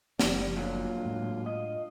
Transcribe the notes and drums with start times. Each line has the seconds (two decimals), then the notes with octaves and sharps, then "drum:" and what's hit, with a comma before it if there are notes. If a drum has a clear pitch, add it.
0.19 F#1 F3 G3, drum: snare
0.57 A#2 D3 F#3 F4
1.05 A2 G#3
1.46 D#5